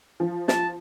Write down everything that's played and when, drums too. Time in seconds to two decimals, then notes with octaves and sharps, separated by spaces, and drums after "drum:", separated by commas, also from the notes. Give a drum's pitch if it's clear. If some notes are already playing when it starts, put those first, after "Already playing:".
0.20 F3
0.48 A5, drum: snare